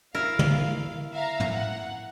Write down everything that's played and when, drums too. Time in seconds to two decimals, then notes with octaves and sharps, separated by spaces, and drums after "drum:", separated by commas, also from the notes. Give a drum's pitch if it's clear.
0.15 E4 A#4 F5
0.39 drum: tom
1.13 E5 F5 A#5
1.40 drum: tom
1.51 F#5